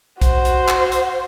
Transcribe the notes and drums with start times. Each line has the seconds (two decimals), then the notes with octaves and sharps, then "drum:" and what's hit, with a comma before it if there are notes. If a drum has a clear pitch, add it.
0.22 F#4 C5, drum: kick B1, hi-hat
0.45 drum: hi-hat
0.68 drum: clap
0.92 drum: hi-hat